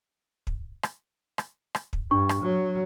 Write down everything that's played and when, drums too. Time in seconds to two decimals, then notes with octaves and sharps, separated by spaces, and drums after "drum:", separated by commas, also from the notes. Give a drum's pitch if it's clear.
0.47 drum: kick
0.83 drum: rim click
1.38 drum: rim click
1.75 drum: rim click
1.93 drum: kick
2.11 G2 D4 C#6
2.29 drum: rim click
2.42 F#3